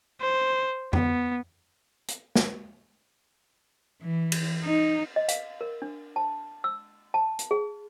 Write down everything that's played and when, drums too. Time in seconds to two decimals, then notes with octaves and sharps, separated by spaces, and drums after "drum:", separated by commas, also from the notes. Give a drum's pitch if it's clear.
0.21 C5
0.93 B3, drum: tom F2
2.08 drum: hi-hat
2.36 drum: snare
4.02 E3
4.32 drum: cymbal
4.64 D#4
5.16 D#5
5.28 F5, drum: hi-hat
5.61 A#4
5.82 D4
6.16 A5
6.64 E6
7.14 A5
7.39 drum: hi-hat
7.51 G#4